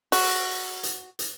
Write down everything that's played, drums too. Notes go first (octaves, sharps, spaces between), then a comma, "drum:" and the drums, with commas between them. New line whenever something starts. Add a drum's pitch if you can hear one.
F#4, drum: open hi-hat
drum: hi-hat
drum: hi-hat